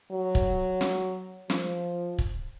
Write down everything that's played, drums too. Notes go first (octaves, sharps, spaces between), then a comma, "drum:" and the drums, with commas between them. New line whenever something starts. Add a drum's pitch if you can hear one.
F#3
drum: kick
drum: snare
F3, drum: snare
drum: kick